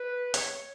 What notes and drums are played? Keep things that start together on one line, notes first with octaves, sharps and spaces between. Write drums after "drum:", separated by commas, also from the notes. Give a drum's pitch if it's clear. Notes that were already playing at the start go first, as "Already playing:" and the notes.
Already playing: B4
C#5, drum: hi-hat